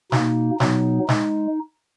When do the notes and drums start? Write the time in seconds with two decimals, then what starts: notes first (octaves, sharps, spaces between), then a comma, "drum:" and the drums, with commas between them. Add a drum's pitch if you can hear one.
0.12 B2 A#3 D#4, drum: snare
0.60 B2 F#3 B3 D#4, drum: snare
1.09 G#3 D#4, drum: snare